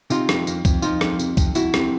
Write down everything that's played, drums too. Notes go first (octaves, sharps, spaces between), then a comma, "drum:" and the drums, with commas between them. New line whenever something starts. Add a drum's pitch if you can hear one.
C3 D#4 F4, drum: tambourine
F2, drum: rim click
F2, drum: tambourine
F2, drum: kick C2, tambourine
F3 D#4 F4, drum: tambourine
F2, drum: rim click
C3, drum: tambourine
F2, drum: kick C2, tambourine
F2 E4 F#4, drum: tambourine
C3, drum: rim click